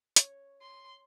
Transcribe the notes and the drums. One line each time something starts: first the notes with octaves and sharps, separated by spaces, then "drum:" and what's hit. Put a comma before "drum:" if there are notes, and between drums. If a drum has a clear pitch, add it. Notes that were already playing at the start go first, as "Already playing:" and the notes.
C#5, drum: hi-hat
C6